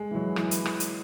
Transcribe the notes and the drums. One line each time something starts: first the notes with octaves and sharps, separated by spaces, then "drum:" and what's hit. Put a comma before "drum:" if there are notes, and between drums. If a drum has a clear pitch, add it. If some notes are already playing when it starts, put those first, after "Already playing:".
Already playing: G#3
E3
F#3
E3, drum: rim click
drum: hi-hat
drum: rim click
drum: hi-hat